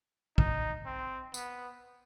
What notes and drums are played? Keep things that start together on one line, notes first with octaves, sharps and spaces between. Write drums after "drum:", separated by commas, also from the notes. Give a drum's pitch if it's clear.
D#4, drum: kick
C4
B3, drum: tambourine